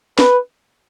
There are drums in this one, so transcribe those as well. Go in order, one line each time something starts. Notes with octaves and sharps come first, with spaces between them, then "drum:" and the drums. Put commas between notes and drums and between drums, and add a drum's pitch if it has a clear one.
B4, drum: snare